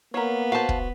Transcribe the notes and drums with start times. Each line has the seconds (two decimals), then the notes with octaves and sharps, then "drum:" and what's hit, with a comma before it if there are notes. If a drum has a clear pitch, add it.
0.14 A#3 B3 A#4 C#5
0.52 F#4 C5 F5 A5
0.69 drum: kick